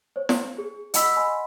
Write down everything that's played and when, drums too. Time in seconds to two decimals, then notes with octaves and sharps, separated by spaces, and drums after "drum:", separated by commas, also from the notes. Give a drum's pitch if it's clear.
0.16 C5 C#5
0.29 drum: snare
0.58 G#4
0.94 D#5 F#5 B5 E6 B6, drum: hi-hat
1.16 D#5 F#5 G#5 B5 C6